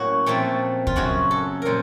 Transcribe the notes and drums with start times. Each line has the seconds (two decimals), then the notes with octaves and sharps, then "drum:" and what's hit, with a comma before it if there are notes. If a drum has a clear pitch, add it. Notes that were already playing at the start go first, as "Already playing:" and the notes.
Already playing: A2 F#3 A#3 C#4 F#4
0.26 A#2 F3 A3 C4 A4
0.87 F4, drum: kick
0.96 F#2 C#3 F#3 F#4
1.31 A4
1.62 A#2 F#3 A#4 C5